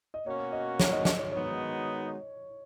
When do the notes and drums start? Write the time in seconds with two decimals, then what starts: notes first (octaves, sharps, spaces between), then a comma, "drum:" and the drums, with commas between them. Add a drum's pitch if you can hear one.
0.14 D#5
0.26 B2 A#3 C#4 F#4 C#5
0.52 D#5
0.80 C#5, drum: snare
0.92 D#5
1.05 D#5, drum: snare
1.19 C#5
1.31 D#3 G#3 B3 D#4 F#4 C#5